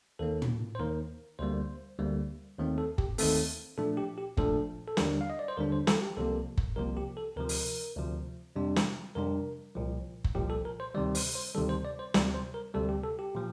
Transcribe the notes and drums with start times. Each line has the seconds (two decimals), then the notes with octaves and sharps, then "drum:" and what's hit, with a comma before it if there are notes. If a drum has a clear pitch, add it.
0.19 D#2 D#3 A#3 A4
0.42 drum: tom
0.75 C5
0.79 D#2 D#3 A#3 A#4
1.39 D2 D3 G3 A#3 C5
1.98 D2 D3 G3 A#3
2.58 D#2 D#3 A3 C4
2.78 A4
2.98 G4, drum: kick F#1
3.18 D#2 D#3 A3 C4 A4, drum: open hi-hat
3.78 A#2 F3 A3 D4 A4
3.97 G4
4.18 G4
4.37 A#2 F3 A3 D4 A4, drum: kick F#1
4.88 A4
4.97 D#2 D3 G3 D4 A#4, drum: snare
5.21 F5
5.30 D#5
5.39 D5
5.48 C5
5.57 D#2 D3 G3 D4 A#4
5.72 C5
5.87 A4, drum: snare
6.02 G4
6.17 C2 C3 F3 A#3 A4
6.57 drum: kick F#1
6.76 C2 C3 F3 A#3 A#4
6.97 G4
7.17 A4
7.36 D2 C3 F3 A#4
7.49 drum: open hi-hat
7.97 D2 C3 F3
8.56 F2 C3 G3 D4
8.76 drum: snare
9.15 F2 C3 G3 D4 A#4
9.75 C2 A#2 F3
10.24 drum: kick F#1
10.35 C2 A#2 F3 G4
10.50 A4
10.65 A#4
10.80 C5
10.94 D2 C3 D#3 G3 D5
11.15 C5, drum: open hi-hat
11.35 C5
11.55 D2 C3 D#3 G3 A4
11.69 C5
11.85 D5
11.99 C5
12.14 D2 C3 G3 D5, drum: snare
12.34 C5
12.54 A#4
12.74 D2 C3 G3 A4
12.89 G4
13.04 A4
13.19 G4
13.35 A#2 F3